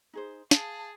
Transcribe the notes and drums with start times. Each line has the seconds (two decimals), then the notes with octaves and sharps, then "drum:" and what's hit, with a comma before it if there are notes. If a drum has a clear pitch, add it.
0.13 D#4 G#4 C5
0.51 G#4 F5 A5, drum: snare